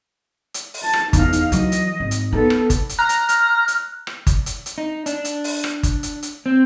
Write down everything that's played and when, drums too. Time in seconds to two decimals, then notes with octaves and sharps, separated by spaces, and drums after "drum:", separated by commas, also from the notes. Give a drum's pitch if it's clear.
0.54 drum: hi-hat
0.74 drum: open hi-hat
0.83 A5
0.93 drum: rim click
1.13 E2 D#4 F5, drum: kick G1, hi-hat
1.33 drum: hi-hat
1.52 E3 F#3 D#5, drum: hi-hat
1.72 drum: hi-hat
2.00 G#1
2.11 drum: hi-hat
2.33 B3 D#4 A4
2.50 drum: rim click
2.70 drum: kick G1, hi-hat
2.89 drum: hi-hat
2.99 A#5 F6 F#6
3.09 drum: hi-hat
3.29 drum: hi-hat
3.68 drum: hi-hat
4.07 drum: rim click
4.27 drum: kick G1, hi-hat
4.46 drum: hi-hat
4.66 drum: hi-hat
4.78 D#4
5.06 D4, drum: hi-hat
5.25 drum: hi-hat
5.44 drum: open hi-hat
5.64 drum: rim click
5.83 drum: kick G1, hi-hat
6.03 drum: hi-hat
6.23 drum: hi-hat
6.46 C4